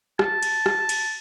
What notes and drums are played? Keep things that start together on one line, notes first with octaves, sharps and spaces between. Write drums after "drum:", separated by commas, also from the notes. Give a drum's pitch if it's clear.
A5, drum: rim click
drum: cymbal
drum: rim click
drum: cymbal